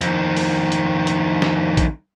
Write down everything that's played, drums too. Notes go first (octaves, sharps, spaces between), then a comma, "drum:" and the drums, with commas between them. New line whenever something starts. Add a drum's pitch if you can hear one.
F2 D#3, drum: hi-hat
drum: open hi-hat
drum: hi-hat
drum: hi-hat
drum: snare
drum: kick, hi-hat